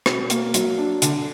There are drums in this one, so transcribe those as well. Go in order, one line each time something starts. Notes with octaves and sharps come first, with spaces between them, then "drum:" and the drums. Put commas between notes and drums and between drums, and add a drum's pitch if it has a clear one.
B2, drum: rim click
A#3, drum: hi-hat
F#3, drum: hi-hat
D4
D3, drum: hi-hat